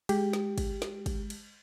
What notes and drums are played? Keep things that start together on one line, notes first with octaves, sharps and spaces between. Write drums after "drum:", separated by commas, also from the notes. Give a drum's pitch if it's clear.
G#3 G4, drum: cymbal
drum: snare
drum: kick, cymbal
drum: snare
drum: kick, cymbal
drum: cymbal